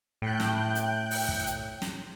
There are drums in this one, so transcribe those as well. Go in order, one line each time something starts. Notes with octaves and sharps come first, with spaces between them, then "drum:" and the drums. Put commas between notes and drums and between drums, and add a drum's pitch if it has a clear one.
A2 G5 F#6 G6
drum: snare
drum: hi-hat
drum: open hi-hat
drum: kick
drum: hi-hat
drum: snare